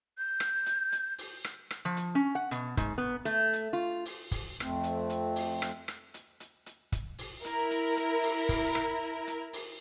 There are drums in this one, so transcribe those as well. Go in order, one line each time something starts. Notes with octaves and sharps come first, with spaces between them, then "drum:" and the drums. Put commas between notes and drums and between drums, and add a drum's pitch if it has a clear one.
G6
drum: rim click
drum: hi-hat
drum: hi-hat
drum: open hi-hat
drum: rim click
drum: rim click
F3
drum: hi-hat
C#4
F#5
B2, drum: hi-hat
G#2, drum: kick, hi-hat
B3
A3, drum: hi-hat
drum: hi-hat
F4
drum: open hi-hat
drum: kick, open hi-hat
F2 A3 C4, drum: rim click
drum: hi-hat
drum: hi-hat
drum: open hi-hat
drum: rim click
drum: rim click
drum: hi-hat
drum: hi-hat
drum: hi-hat
drum: kick, hi-hat
drum: open hi-hat
E4 A#4, drum: hi-hat
drum: hi-hat
drum: hi-hat
drum: open hi-hat
drum: kick, open hi-hat
drum: rim click
drum: hi-hat
drum: open hi-hat